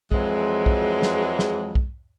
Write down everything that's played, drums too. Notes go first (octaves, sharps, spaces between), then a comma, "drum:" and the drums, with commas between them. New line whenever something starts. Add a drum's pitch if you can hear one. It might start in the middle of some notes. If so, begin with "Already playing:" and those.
F2 E3 F#3 G#3, drum: kick
drum: kick
drum: snare
drum: snare
drum: kick